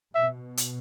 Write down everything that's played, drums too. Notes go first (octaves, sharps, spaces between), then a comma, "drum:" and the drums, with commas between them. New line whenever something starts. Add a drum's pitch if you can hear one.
B2 E5
drum: hi-hat